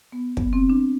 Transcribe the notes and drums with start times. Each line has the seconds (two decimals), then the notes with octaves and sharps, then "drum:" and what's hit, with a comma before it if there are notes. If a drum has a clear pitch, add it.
0.12 B3
0.37 C#3 F#3 B3, drum: kick
0.53 C4
0.70 D4